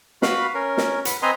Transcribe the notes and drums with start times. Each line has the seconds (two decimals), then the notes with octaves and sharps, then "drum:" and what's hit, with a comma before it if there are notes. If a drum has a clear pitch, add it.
0.22 F#4 B4 F5 B5, drum: snare
0.54 C#4 A#4
0.77 drum: snare
1.05 B4 F#5, drum: hi-hat
1.22 C4 B4 D#5 G#5 A#5 C6